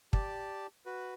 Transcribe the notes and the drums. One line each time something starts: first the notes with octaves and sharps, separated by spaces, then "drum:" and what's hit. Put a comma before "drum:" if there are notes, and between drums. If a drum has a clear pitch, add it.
G4 D5 A5, drum: kick
F#4 B4